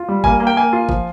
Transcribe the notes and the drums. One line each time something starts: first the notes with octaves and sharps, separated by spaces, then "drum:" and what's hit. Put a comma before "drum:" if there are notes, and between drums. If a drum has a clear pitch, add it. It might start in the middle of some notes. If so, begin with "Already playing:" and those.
Already playing: F4
G3
A#3 G#5, drum: kick G1
A#3
G5
A#3 G#5
F4
F3, drum: kick G1